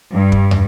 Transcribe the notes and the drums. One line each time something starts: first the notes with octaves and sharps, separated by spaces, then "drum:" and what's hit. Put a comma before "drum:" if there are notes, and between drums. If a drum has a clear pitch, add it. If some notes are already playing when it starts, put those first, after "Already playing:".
G2
drum: kick
drum: tom